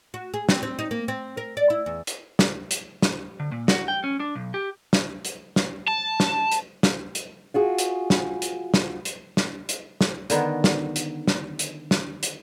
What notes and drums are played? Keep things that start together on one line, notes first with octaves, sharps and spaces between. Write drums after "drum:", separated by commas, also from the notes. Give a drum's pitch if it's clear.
F#4
G#4
C4, drum: snare
C4
D#4
A#3
C4
A#4
D5
E4
E2
drum: hi-hat
drum: snare
drum: hi-hat
drum: snare
D3
A#2
F#4, drum: snare
G5
C#4
D4
B1
G4
drum: snare
drum: hi-hat
drum: snare
A5
drum: snare
drum: hi-hat
drum: snare
drum: hi-hat
F4 F#4 G#4
drum: hi-hat
drum: snare
drum: hi-hat
drum: snare
drum: hi-hat
drum: snare
drum: hi-hat
drum: snare
D3 D#3 B3, drum: hi-hat
drum: snare
drum: hi-hat
drum: snare
drum: hi-hat
drum: snare
drum: hi-hat